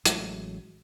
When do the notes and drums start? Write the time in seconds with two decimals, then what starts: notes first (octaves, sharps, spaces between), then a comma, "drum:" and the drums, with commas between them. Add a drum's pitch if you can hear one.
0.06 A1 F#3 G#3 A3, drum: hi-hat